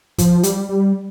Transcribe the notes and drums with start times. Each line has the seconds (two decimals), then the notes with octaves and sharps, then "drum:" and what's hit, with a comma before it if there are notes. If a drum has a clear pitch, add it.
0.18 F3, drum: kick, hi-hat
0.43 G3, drum: hi-hat
0.69 G3